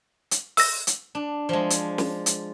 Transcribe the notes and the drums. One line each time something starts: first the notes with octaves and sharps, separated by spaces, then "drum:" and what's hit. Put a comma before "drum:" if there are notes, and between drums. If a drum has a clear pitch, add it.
drum: hi-hat
E6 A#6, drum: open hi-hat
drum: hi-hat
D4
F3 G#3
drum: hi-hat
drum: snare
drum: hi-hat